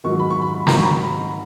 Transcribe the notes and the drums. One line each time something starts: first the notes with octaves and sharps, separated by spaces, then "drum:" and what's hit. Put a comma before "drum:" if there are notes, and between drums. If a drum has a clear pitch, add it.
G#2 D#3 F#3 C#6
B5
C#6
B5
G#2 D#3 F#3 A#5, drum: snare
C#6
B5